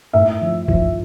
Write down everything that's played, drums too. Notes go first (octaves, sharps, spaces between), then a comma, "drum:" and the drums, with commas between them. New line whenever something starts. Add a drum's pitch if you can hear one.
A2 E5
F3
F3, drum: kick B1